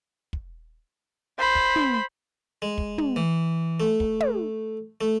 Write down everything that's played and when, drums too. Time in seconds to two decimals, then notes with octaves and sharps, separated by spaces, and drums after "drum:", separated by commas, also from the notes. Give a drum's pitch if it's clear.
0.33 drum: kick
1.39 C5 B5
1.55 drum: kick
1.76 drum: tom
2.62 G#3
2.78 drum: kick
2.98 drum: tom
3.16 E3
3.80 A3
4.00 drum: kick
4.20 drum: tom
5.01 A3